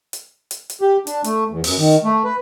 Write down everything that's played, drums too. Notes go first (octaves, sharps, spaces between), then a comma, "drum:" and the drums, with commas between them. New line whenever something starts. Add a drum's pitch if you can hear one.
drum: hi-hat
drum: hi-hat
drum: hi-hat
G4
D4, drum: hi-hat
A3, drum: hi-hat
E2
F#2, drum: open hi-hat
D#3
A3
B4